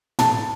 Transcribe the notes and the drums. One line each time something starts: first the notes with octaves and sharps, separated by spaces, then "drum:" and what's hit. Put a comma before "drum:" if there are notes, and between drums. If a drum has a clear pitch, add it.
A5, drum: tom